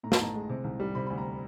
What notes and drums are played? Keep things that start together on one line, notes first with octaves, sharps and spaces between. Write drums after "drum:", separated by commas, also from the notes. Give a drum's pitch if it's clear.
A2 A#5
A5, drum: snare
A1 A#5
G#3
C3
C2
G3
C3 B5
B5
D2
A#5